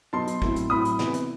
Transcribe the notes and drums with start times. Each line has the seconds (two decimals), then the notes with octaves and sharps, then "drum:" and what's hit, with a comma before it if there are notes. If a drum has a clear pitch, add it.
0.13 B2 F#3 B3 D#4 A5 C6
0.27 drum: hi-hat
0.42 A2 F#3 C4 E4, drum: kick
0.56 drum: hi-hat
0.70 A2 F#3 C4 E4 B5 D#6
0.85 drum: hi-hat
0.99 C3 E3 B3, drum: snare
1.14 drum: hi-hat